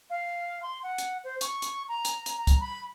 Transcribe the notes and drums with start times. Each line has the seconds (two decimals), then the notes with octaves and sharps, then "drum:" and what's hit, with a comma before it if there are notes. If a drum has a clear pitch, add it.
0.10 F5
0.63 C6
0.83 F#5
0.98 drum: hi-hat
1.24 C5
1.41 C#6, drum: hi-hat
1.62 drum: hi-hat
1.89 A#5
2.05 drum: hi-hat
2.26 drum: hi-hat
2.38 A#5
2.47 drum: kick, hi-hat
2.60 B5